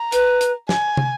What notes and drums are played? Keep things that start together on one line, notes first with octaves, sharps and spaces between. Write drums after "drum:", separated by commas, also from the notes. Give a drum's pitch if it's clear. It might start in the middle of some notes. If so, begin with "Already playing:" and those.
Already playing: A#5
B4, drum: hi-hat
drum: hi-hat
G#5, drum: snare
drum: tom